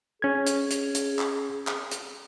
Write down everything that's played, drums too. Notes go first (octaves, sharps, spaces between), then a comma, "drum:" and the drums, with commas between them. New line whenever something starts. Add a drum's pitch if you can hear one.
C#4 G#4 G#6
drum: hi-hat
drum: hi-hat
drum: hi-hat
drum: clap
drum: clap
drum: hi-hat